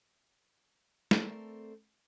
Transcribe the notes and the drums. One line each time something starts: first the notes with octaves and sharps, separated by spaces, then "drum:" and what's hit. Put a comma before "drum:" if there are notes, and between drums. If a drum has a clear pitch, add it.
A3 C4 A4 A#4 C5 D5, drum: snare